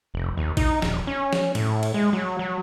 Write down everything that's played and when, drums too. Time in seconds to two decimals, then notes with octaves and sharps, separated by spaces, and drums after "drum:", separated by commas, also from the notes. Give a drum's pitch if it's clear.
0.14 F1
0.37 D#2
0.57 D#4, drum: kick A1, cymbal
0.82 D#1, drum: snare
1.07 C#4
1.33 drum: snare
1.55 A2, drum: cymbal
1.83 drum: cymbal
1.94 G#3
2.13 F#3
2.39 F#3